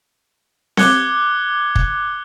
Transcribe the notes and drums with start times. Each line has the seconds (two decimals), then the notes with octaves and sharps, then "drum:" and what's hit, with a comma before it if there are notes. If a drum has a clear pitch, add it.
0.77 D6 F#6 G#6 C#7 G7, drum: snare C4
1.76 drum: kick